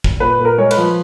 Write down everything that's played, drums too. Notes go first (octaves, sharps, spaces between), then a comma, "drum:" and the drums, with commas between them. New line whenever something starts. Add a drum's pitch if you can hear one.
drum: kick
A#2 B4
A#2
A#4
G#3 C#5
B4, drum: cymbal
F3